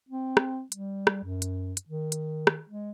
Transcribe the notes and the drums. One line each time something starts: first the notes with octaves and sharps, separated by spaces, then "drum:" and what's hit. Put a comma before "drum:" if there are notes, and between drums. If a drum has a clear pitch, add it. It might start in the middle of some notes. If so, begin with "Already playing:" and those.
C4
drum: rim click
G3, drum: hi-hat
drum: rim click
F#2
drum: hi-hat
drum: hi-hat
D#3
drum: hi-hat
drum: rim click
G#3